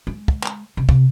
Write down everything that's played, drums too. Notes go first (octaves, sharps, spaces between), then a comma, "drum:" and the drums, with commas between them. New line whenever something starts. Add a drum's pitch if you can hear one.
G#3
drum: kick
drum: clap
C3
C3, drum: kick